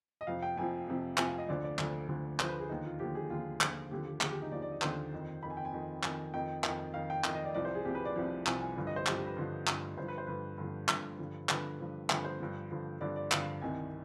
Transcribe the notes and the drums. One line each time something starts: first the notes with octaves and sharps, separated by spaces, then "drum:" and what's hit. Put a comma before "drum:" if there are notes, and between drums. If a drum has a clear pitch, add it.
D#5
F2 C3 F3 F5
G5
F2 C3 F3 G#5
F2 C3 F3
F2 C3 F3 G#5, drum: clap
F5
D#5
D2 D3 F3 D5
D5
D2 D3 F3, drum: clap
D2 D3 F3
D2 D3 F3 C5, drum: clap
B4
G#4
D#2 D3 F3 D#4
F4
D#2 D3 F3 G4
G#4
D#2 D3 F3 F4
D#2 D3 F3, drum: clap
D#2 D3 F3 G4
G4
D#2 D3 F3 G#4, drum: clap
G4
D#4
D#2 D3 F3 D5
D5
D#5
D#2 D3 F3 C5, drum: clap
F2 D#3
F2 D#3 B5
G#5
G5
G#5
F2 D#3
F2 D#3 G#5, drum: clap
F2 D#3 G5
F2 D#3, drum: clap
F2 D#3 F5
G5
F2 D#3, drum: clap
D#5
D5
C2 C3 F3 D5
C5
G#4
C2 C3 F3 G4
B4
D5
C2 C3 F3
C2 C3 F3 G#5, drum: clap
G#5
G2 D3 F3
D#5
C5
G2 D3 F3 G4, drum: clap
G4
B4
G2 D3 F3
G2 D3 F3, drum: clap
G2 D3 F3 C5
B4
C5
G2 D3 F3 B4
G2 D3 F3
G2 D3 F3, drum: clap
G2 D3 F3
G2 D3 F3 B4, drum: clap
G2 D3 F3
G2 D3 F3 B4, drum: clap
C5
G2 D3 F3
G2 D3 F3
G2 D3 F3 D5
D5
G2 D3 F3 F5, drum: clap
C2 C3 D#3 G#5